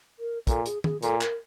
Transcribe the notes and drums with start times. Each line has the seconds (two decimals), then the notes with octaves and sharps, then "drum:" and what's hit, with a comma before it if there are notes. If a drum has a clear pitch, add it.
0.19 A#4
0.47 A#2 A4, drum: kick, hi-hat
0.66 G#4, drum: hi-hat
0.84 G#4, drum: tom D#3
1.03 A#2 A4, drum: hi-hat
1.21 A#4, drum: clap